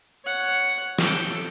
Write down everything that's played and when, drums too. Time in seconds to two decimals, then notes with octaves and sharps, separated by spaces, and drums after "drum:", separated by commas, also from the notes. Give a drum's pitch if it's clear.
0.25 C#5 F#5
0.98 A4 G5, drum: snare